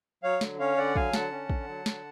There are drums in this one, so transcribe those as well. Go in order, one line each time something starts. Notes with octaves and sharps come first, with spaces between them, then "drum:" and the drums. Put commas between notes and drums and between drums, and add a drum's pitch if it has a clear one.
F#3 C#5 F5
D3, drum: snare
C#4 C#5 F5
D3 D5 F#5
F#3 F5 G#5, drum: kick
D3 F#5 A5, drum: snare
C#4
D3, drum: kick
F#3
D3, drum: snare